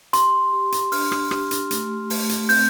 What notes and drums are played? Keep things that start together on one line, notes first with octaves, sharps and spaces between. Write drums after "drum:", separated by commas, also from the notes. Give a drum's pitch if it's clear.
G4 C6, drum: hi-hat
G4
drum: hi-hat
D4 F6, drum: open hi-hat
drum: rim click
G4, drum: rim click
drum: hi-hat
A3, drum: hi-hat
A3, drum: open hi-hat
drum: hi-hat
C4 G6, drum: open hi-hat